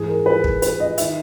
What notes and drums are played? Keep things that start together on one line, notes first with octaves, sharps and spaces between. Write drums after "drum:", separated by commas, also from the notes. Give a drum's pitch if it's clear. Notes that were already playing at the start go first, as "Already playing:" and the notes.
Already playing: G#2 E3 G#4
A#4
B4
drum: kick
B4, drum: hi-hat
D#5
D#3 E5, drum: hi-hat